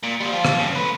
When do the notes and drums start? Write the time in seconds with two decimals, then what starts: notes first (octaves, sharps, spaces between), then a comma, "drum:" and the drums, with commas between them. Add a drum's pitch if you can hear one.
0.03 A#2
0.21 G3 F4
0.32 C4 F4
0.45 drum: rim click
0.59 F#2 C#3
0.76 A3 B4